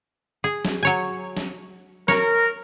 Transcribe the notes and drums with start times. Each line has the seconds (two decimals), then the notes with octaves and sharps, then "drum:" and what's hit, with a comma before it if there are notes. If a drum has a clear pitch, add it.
0.44 G#4
0.65 drum: snare
0.83 F#3 C#5 G#5
1.37 drum: snare
2.08 A#4 C#5, drum: snare